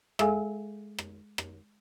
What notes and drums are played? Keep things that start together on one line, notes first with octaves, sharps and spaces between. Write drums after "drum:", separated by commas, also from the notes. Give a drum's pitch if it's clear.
G#3 G#4 A4 F5 G#5, drum: rim click
drum: rim click
drum: rim click